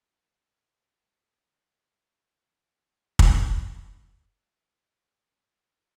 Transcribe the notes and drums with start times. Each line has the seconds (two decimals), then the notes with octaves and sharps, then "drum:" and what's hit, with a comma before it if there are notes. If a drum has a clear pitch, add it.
0.18 A5 D6
2.48 C3
3.19 drum: kick
3.68 G3 A3 G4 C#5